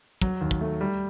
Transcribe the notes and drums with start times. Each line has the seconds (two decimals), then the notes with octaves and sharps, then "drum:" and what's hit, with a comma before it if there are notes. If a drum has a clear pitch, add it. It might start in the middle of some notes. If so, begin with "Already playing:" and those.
0.22 F#3, drum: kick
0.41 D#2
0.51 drum: kick
0.61 A3
0.81 G3